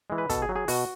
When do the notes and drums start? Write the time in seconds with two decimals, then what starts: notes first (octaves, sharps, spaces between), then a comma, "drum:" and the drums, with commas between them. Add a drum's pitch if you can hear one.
0.10 E3 G#3
0.18 B4
0.30 B2 A4, drum: kick, hi-hat
0.42 G#4
0.49 F#3
0.56 G#4
0.68 B2 F#4, drum: open hi-hat